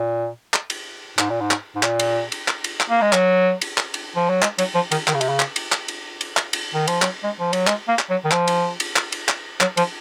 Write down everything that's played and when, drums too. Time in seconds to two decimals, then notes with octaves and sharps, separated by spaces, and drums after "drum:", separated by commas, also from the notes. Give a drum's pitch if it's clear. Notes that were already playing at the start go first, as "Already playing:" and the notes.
Already playing: A#2
0.54 drum: clap
0.70 drum: cymbal
1.19 G#2, drum: clap
1.30 A#2
1.41 G#2
1.51 drum: clap
1.75 G#2
1.83 A#2, drum: clap
1.99 drum: cymbal
2.32 drum: cymbal
2.48 drum: clap
2.64 drum: cymbal
2.80 drum: clap
2.90 A#3
3.02 G#3
3.13 F#3, drum: clap
3.61 drum: cymbal
3.78 drum: clap
3.94 drum: cymbal
4.16 F3
4.29 F#3
4.42 G#3, drum: clap
4.58 F#3, drum: cymbal
4.75 F3
4.92 D#3, drum: cymbal
5.08 D#3, drum: clap
5.14 C#3
5.21 C3, drum: cymbal
5.29 C#3
5.40 drum: clap
5.56 drum: cymbal
5.72 drum: clap
5.88 drum: cymbal
6.21 drum: cymbal
6.37 drum: clap
6.53 drum: cymbal
6.74 D#3
6.88 F3, drum: cymbal
7.02 F#3, drum: clap
7.23 G#3
7.40 F3
7.53 F#3, drum: cymbal
7.67 G#3, drum: clap
7.88 A#3
7.99 drum: clap
8.10 F#3
8.25 D#3
8.31 F3, drum: clap
8.48 drum: cymbal
8.80 drum: cymbal
8.96 drum: clap
9.12 drum: cymbal
9.29 drum: clap
9.61 F#3, drum: clap
9.77 F3, drum: cymbal